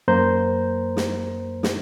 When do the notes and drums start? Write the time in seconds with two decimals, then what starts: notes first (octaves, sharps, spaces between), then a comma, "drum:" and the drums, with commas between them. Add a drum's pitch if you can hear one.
0.08 F#2 A#3 C5 A#5 G6
0.97 drum: snare
1.63 drum: snare